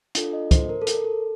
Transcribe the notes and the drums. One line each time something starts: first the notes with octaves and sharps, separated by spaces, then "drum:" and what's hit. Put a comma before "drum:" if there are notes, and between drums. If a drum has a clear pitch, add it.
D4 F4 A4, drum: hi-hat
D#5
C5, drum: kick, hi-hat
A#4
A4
A#4, drum: hi-hat
A4